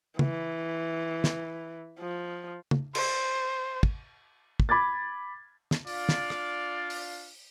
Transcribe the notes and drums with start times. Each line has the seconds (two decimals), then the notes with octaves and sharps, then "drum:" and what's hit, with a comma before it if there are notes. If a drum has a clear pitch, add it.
0.19 E3, drum: tom C#3
1.24 drum: snare
2.00 F3
2.71 drum: tom C#3
2.95 C5, drum: cymbal
3.83 drum: kick
4.60 drum: kick
4.69 B5 D6 G#6 A6
5.71 drum: snare
5.87 D4 F4 D5 F5, drum: open hi-hat
6.09 drum: snare
6.30 drum: rim click
6.90 drum: open hi-hat